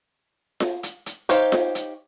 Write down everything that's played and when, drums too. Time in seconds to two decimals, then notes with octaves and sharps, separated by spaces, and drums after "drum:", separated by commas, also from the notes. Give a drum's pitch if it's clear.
0.60 drum: snare F4
0.83 drum: hi-hat
1.06 drum: hi-hat
1.29 D#4 G4 C5 C#5 F5, drum: hi-hat
1.52 drum: snare F4
1.75 drum: hi-hat